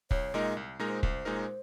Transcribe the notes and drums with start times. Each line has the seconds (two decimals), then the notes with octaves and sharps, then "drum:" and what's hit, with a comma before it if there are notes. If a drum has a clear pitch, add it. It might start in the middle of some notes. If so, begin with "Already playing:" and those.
0.11 C2 C#5, drum: kick
0.34 A#2 G#3 D#4 A#4 D#5
0.57 C2
0.79 A#2 G#3 D#4 A#4
0.87 C5
1.03 C2, drum: kick
1.25 A#2 G#3 D#4 A#4